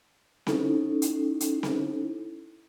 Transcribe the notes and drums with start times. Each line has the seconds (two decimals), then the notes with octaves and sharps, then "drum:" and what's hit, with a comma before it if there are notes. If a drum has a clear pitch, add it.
0.47 C#4 D#4 E4 A4, drum: snare C4
1.02 drum: hi-hat
1.40 drum: hi-hat
1.63 drum: snare C4